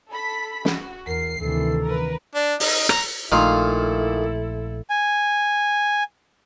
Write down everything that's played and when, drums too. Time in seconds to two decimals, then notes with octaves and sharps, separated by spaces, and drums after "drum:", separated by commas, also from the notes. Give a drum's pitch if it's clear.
0.10 A4 B5 B6
0.65 F#4, drum: snare
1.07 E2 A#4 C7
1.40 D2 C3 D#3 E3 A4
1.84 A#4 B4
2.35 D4
2.60 D#4, drum: open hi-hat
2.89 A#5, drum: rim click
3.32 A#1 A#2 D#3 A3 E4 A4 F5 C6
4.90 G#5